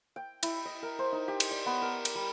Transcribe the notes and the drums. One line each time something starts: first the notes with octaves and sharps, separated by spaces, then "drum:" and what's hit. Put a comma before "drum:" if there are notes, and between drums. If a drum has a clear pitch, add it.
G5
E4, drum: cymbal
D#5
A#4
C5
D#4
G4
drum: cymbal
D5
B3
A#4
drum: cymbal
G3